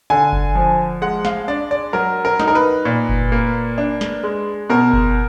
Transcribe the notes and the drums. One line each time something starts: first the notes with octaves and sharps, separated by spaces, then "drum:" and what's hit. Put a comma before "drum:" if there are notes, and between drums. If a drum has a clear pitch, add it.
D3 G#5
drum: kick F#1
F3
G#3 F#5
F5, drum: snare
D4 D5
D5
F#3 A#4
A#4
D#4, drum: snare
A#4
B4
A#2
drum: kick F#1
A#3
D4
drum: snare
G#3
B2 A#4
drum: kick F#1